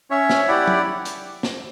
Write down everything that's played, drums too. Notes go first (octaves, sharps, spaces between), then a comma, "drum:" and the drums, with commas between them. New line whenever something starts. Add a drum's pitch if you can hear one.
C#4 C#5 E5
drum: snare
E4 G4 D5 F#5
drum: tom F#3
drum: hi-hat
drum: snare